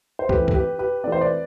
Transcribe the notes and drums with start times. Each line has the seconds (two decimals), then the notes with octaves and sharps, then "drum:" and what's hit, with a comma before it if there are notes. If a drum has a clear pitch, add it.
0.19 C5
0.29 E3 A3 C4 G4 B4, drum: kick
0.48 A4, drum: kick
0.54 G4 B4
0.79 G4 B4
1.04 E3 A3 C4 D5
1.12 C5
1.21 B4 D5